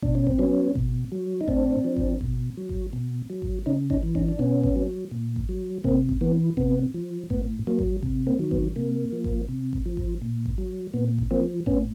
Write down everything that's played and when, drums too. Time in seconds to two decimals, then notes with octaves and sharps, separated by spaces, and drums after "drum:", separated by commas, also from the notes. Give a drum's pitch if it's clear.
0.02 B2 D4, drum: kick G#1
0.15 C#4
0.27 C4, drum: kick G#1
0.39 F#3 B3 C#4
0.75 B2, drum: kick G#1
1.12 F#3
1.41 D#4
1.48 A2 C4 D4, drum: kick G#1
1.84 F3
1.97 drum: kick G#1
2.21 B2, drum: kick G#1
2.57 F#3
2.69 drum: kick G#1
2.93 B2
3.30 F#3
3.42 drum: kick G#1
3.66 C#3 C#4 D#4
3.90 C#4 D#4, drum: kick G#1
4.03 E3
4.15 C#4 D#4, drum: kick G#1
4.28 D4
4.39 B2 B3 C#4
4.63 drum: kick G#1
4.76 F#3
5.11 A#2
5.36 drum: kick G#1
5.49 F#3
5.84 C3 A#3 C4, drum: kick G#1
6.09 drum: kick G#1
6.21 E3 B3
6.57 C3 B3, drum: kick G#1
6.94 F3
7.30 A2 B3, drum: kick G#1
7.67 F#3 A#3
7.79 drum: kick G#1
8.03 C3, drum: kick G#1
8.27 A#3 C4
8.39 D#3 F#3
8.51 B3, drum: kick G#1
8.76 C3 A#3
9.12 F3
9.24 drum: kick G#1
9.49 C3
9.73 drum: kick G#1
9.86 F3
9.97 drum: kick G#1
10.22 A#2
10.46 drum: kick G#1
10.58 F#3
10.94 A#2 B3
11.18 drum: kick G#1
11.31 F3 A#3 C4
11.66 A2 B3 C#4, drum: kick G#1